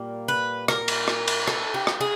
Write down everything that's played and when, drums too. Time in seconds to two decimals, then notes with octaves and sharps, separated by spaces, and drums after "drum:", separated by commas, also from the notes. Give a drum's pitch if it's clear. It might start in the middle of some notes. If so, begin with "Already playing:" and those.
Already playing: A#2 G3 A#3
0.28 B4
0.68 A#4, drum: rim click
0.88 drum: cymbal
1.08 drum: rim click
1.28 drum: cymbal
1.47 A4, drum: rim click
1.74 G4
1.87 drum: rim click
2.01 G#4